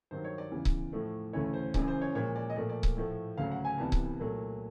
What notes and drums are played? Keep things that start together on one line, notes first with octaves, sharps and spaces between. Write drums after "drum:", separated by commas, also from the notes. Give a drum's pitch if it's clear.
G2 D#3 F#3 C5
C#5
D5
E2 C#3 E3
drum: kick C#1
A2 F3 A3
D2 C#3 E3 A3 C#5
C5
F#2 C#3 E3 D5, drum: kick C#1
C5
C#5
A#2 F3 G#3 C#5
D5
D#5
A#2 F3 A3 D5
D5
drum: kick C#1
A2 F3 A3
D2 C#3 F#3 F5
F#5
G#5
C2 C3 E3 G3 B3 A5
drum: kick C#1
A#2 F#3 A3